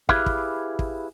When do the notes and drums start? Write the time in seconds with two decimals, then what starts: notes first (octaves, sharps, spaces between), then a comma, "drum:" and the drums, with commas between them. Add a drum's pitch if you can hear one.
0.09 E4 G4 G#4 B4 E5 F5, drum: kick
0.26 drum: kick
0.79 drum: kick